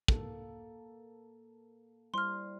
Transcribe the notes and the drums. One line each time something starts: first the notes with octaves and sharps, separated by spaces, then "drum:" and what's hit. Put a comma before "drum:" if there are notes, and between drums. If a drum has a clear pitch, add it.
A#3 A4, drum: kick
G3 E4 C5 C6 F6